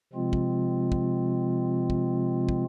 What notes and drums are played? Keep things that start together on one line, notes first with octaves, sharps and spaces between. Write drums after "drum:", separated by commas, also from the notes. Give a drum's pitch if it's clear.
C3 F3 G#3 C4 F4
drum: kick
drum: kick
drum: kick
drum: kick